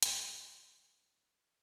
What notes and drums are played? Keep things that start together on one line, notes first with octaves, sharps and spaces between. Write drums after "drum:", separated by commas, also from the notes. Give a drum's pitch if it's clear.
F#2 C#5 D#5, drum: hi-hat
D3 G3
D3
G3 B3 D#4